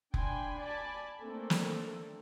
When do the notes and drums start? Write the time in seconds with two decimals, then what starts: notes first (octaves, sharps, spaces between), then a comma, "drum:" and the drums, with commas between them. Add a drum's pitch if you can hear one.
0.14 D4 G5 G#5 B5 C6, drum: kick F1
0.62 D5 G#5 A5 B5
1.19 A3 A#3 C4 D4 A4 A#4
1.50 drum: snare